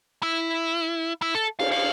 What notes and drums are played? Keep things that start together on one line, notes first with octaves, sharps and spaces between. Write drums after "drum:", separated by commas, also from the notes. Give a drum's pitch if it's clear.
E4
E4
A4
F5, drum: cymbal
F5